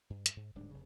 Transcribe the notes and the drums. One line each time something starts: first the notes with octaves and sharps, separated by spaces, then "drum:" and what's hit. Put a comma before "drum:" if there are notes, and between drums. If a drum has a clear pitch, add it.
G2
drum: hi-hat
G#2
D1 G#2 G3 D4
F1 C#3